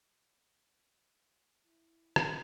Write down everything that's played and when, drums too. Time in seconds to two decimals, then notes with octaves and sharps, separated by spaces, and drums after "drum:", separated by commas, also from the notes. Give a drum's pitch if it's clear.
1.65 E4
2.16 drum: rim click